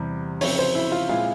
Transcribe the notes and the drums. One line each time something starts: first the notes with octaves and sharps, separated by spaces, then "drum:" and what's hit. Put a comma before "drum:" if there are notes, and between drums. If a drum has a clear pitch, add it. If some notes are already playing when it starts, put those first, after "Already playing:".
Already playing: E2 C3 G3
C#3 F3 C4 C#5, drum: open hi-hat
C5
E4
F4
A#2 G#3 C4 E4 F4 G#4